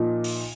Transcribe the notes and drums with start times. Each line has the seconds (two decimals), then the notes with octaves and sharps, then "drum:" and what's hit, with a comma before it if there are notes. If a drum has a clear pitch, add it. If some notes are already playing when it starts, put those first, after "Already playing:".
Already playing: A#2 F3 A#3 D#4
0.24 drum: open hi-hat